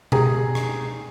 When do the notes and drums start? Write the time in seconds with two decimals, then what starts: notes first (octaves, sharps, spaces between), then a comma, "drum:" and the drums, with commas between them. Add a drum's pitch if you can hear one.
0.12 G4 G#4 G5 A#5, drum: tom B2
0.55 drum: rim click